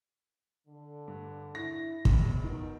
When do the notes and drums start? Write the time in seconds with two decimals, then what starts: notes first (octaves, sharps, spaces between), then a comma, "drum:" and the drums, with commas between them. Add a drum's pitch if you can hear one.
0.67 D3
1.08 G2
1.55 E4 A#6
2.05 E1 E2 C3, drum: kick
2.44 B2 D#3